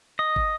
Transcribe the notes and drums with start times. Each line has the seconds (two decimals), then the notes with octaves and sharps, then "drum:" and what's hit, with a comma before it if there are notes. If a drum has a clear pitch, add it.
0.19 D#5
0.36 drum: kick